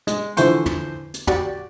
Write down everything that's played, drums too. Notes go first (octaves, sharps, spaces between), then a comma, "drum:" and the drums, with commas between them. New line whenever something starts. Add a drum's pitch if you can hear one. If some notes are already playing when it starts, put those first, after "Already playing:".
G#3, drum: hi-hat
D3 E3 F3 C5 C#6, drum: hi-hat
drum: tom
drum: hi-hat
F#4 G4 D5, drum: tom